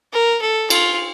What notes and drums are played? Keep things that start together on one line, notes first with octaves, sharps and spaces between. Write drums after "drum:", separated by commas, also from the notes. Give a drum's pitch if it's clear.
A#4
A4
F4, drum: cymbal